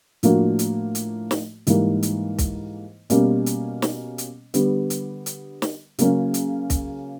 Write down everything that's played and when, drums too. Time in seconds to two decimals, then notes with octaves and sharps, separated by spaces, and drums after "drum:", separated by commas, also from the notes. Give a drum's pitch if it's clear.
0.23 A2 F3 A#3 D4 F#4, drum: hi-hat
0.59 drum: hi-hat
0.95 drum: hi-hat
1.31 drum: snare
1.67 G#2 E3 G3 A#3, drum: hi-hat
2.03 drum: hi-hat
2.38 drum: kick, hi-hat
3.10 B2 G3 A#3 C#4, drum: hi-hat
3.46 drum: hi-hat
3.82 drum: snare
4.18 drum: hi-hat
4.54 D3 G3 B3, drum: hi-hat
4.90 drum: hi-hat
5.26 drum: hi-hat
5.62 drum: snare
5.99 C#3 F#3 A#3 C#4, drum: hi-hat
6.34 drum: hi-hat
6.70 drum: kick, hi-hat